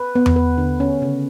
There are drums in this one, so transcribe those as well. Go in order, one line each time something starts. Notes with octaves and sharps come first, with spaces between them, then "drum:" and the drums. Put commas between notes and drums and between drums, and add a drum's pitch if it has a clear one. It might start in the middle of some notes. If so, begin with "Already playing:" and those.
Already playing: B4
B3
drum: tom E2
B4
D3
C#4
C#3